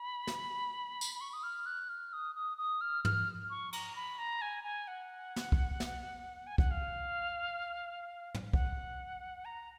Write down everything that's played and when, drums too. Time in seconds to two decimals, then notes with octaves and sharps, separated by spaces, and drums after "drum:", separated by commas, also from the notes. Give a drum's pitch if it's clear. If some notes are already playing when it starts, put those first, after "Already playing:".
Already playing: B5
0.27 drum: snare
1.01 drum: tambourine
1.15 B5
1.21 C#6
1.33 D#6
1.43 F6
1.66 F#6
1.89 F6
2.13 D#6
2.35 D#6
2.58 D#6
2.81 F6
3.05 F6, drum: tom
3.50 C#6
3.72 A#5, drum: cymbal
3.96 B5
4.18 A#5
4.42 G#5
4.64 G#5
4.88 F#5
5.36 drum: snare
5.52 drum: kick
5.80 drum: snare
6.47 G#5
6.58 F#5, drum: kick
6.71 F5
8.35 drum: tom
8.53 F#5, drum: kick
9.45 A#5